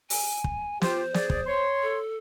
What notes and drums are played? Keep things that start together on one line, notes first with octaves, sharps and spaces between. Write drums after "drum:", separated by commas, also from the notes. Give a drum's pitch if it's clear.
G#5, drum: open hi-hat
drum: kick
F4 G4 C5, drum: snare
G#4 D5, drum: snare
drum: kick
C#5 C6
A4